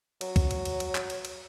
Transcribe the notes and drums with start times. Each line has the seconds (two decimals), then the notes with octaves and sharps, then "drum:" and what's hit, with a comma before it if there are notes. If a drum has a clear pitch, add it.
0.21 F#3, drum: cymbal
0.36 drum: kick, cymbal
0.51 drum: cymbal
0.65 drum: cymbal
0.80 drum: cymbal
0.95 drum: clap
1.10 drum: cymbal
1.25 drum: cymbal